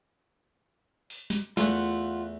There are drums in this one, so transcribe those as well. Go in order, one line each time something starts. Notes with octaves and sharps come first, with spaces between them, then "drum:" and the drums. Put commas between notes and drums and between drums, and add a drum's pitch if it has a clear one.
drum: open hi-hat
drum: snare
E2 A3 F4 F#5, drum: snare